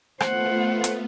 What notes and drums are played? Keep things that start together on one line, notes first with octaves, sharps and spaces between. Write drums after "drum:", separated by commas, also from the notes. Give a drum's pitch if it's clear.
A3 B3 F4 C5 F#5, drum: rim click
drum: hi-hat